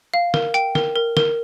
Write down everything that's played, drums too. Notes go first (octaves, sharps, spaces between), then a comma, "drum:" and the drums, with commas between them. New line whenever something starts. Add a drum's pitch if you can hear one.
F5
A#4, drum: snare
G5, drum: hi-hat
A#4, drum: snare
A#4
A#4, drum: snare